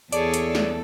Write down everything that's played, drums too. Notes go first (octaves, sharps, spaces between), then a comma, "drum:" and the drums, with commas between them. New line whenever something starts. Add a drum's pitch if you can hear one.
E2 G#4 A4 C#5 D5 A5, drum: hi-hat
drum: hi-hat
drum: snare